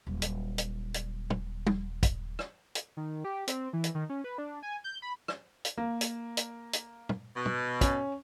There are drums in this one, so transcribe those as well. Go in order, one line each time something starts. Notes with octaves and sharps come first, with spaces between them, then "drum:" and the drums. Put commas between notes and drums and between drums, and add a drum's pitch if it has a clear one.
D#1 F#3
drum: hi-hat
drum: hi-hat
drum: hi-hat
drum: tom
drum: tom G3
drum: kick, hi-hat
drum: rim click
drum: hi-hat
D#3
G4
C4, drum: hi-hat
E3
drum: hi-hat
D#3
C#4
B4
D4
G#5
G6
B5
drum: rim click
drum: hi-hat
A#3
drum: hi-hat
drum: hi-hat
drum: hi-hat
drum: tom
B2
drum: tom
C#4, drum: kick, hi-hat